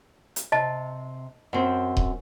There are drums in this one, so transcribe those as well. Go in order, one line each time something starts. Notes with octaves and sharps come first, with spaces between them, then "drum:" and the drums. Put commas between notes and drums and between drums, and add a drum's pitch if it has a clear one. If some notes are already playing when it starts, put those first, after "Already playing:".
drum: hi-hat
C3 D#5 A5
F#2 C4
drum: kick D#1